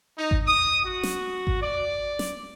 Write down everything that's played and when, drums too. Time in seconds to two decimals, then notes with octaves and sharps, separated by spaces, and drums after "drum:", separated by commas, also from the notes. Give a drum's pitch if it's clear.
0.17 D#4
0.31 drum: kick G#1
0.47 D#6
0.85 F#4
1.03 drum: snare
1.47 drum: kick G#1
1.61 D5
2.19 drum: snare